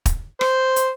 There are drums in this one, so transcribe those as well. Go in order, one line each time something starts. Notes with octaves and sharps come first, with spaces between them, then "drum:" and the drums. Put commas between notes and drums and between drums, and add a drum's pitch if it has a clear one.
drum: kick, hi-hat
C5, drum: rim click
drum: hi-hat